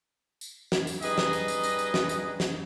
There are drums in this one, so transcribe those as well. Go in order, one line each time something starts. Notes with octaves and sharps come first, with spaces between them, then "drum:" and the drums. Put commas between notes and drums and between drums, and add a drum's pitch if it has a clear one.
drum: tambourine
drum: snare
drum: tambourine
G3 D#4 G#4 B4 D#5, drum: tambourine
drum: snare
drum: tambourine
drum: tambourine
drum: tambourine
drum: tambourine
drum: snare
drum: tambourine
drum: snare